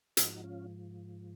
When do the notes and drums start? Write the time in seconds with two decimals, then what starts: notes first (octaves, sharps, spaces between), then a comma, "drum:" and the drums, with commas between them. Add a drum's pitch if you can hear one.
0.17 G#2 F3 D#4 F#4, drum: hi-hat
0.44 C#4 F4